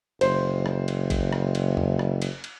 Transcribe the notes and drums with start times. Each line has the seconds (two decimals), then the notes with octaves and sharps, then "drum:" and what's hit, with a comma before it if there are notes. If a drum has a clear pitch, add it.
0.21 F#1 C5, drum: cymbal
0.66 drum: rim click
0.88 drum: cymbal
1.10 drum: kick, cymbal
1.33 drum: rim click
1.55 drum: cymbal
1.77 drum: tom
1.99 drum: rim click
2.22 drum: cymbal
2.44 drum: cymbal